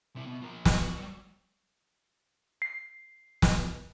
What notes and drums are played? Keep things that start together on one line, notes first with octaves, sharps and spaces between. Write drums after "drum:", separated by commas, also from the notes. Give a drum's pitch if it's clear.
C3 E4
B2
F3 A#4
F#4, drum: snare
F#3 G3
C7
drum: snare